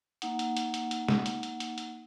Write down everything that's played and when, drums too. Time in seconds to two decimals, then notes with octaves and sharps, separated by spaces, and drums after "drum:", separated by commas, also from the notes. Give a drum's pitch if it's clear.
0.22 A#3 D#4 F#5, drum: hi-hat
0.39 drum: hi-hat
0.57 drum: hi-hat
0.74 drum: hi-hat
0.91 drum: hi-hat
1.08 drum: snare G#3
1.26 drum: hi-hat
1.43 drum: hi-hat
1.60 drum: hi-hat
1.78 drum: hi-hat